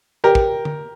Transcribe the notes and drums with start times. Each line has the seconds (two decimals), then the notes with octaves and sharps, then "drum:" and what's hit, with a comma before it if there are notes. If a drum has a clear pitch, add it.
0.24 G4 A#4
0.35 drum: kick
0.65 drum: tom D3